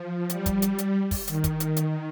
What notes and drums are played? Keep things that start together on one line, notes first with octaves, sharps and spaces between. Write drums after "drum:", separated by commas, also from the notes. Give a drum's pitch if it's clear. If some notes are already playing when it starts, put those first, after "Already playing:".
Already playing: F3
G3, drum: hi-hat
drum: kick, hi-hat
drum: hi-hat
drum: hi-hat
drum: kick, open hi-hat
D#3, drum: hi-hat
drum: kick, hi-hat
drum: hi-hat
drum: hi-hat